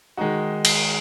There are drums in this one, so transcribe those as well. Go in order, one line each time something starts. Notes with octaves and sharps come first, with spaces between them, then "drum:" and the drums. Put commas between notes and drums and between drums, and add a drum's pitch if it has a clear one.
D#3 G#3 D#4 F#4
drum: cymbal